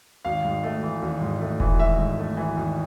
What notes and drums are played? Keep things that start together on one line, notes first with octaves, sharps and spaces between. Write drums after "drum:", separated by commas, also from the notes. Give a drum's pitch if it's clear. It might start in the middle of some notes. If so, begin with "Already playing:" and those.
G#1 F5
G#2
A3
E3
G#1
G#2
A3
E3, drum: kick E1
G#1 E5
G#2
A3
E3
G#1